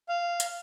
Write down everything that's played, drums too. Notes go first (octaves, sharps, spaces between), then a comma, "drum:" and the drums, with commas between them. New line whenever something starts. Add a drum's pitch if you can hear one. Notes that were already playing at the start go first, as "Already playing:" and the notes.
F5
drum: hi-hat